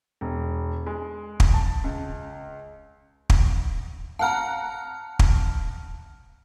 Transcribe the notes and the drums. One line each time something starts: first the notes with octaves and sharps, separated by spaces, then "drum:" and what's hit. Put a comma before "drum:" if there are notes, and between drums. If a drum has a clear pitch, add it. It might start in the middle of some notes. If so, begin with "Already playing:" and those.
E1
G#3
drum: kick
A5
C#2
drum: kick
F5 F#5 A5 A#5 F6
drum: kick